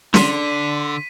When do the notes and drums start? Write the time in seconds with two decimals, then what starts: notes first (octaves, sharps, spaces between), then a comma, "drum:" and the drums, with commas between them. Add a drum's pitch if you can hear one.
0.14 D3 D4 C6 B6 D#7, drum: snare